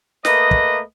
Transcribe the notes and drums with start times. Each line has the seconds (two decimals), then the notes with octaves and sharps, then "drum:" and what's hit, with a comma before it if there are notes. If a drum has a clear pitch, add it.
0.25 A3 A#3 B4 D#5, drum: snare
0.51 drum: kick